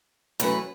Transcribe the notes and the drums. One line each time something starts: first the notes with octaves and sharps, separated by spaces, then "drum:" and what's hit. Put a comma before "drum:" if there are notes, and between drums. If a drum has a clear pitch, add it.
F#2 E3 A3 F#4 B4, drum: hi-hat